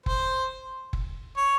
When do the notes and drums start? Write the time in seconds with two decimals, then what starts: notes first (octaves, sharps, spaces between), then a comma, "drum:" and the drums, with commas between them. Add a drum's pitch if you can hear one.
0.06 C5, drum: kick F#1
0.93 drum: kick F#1
1.37 C#5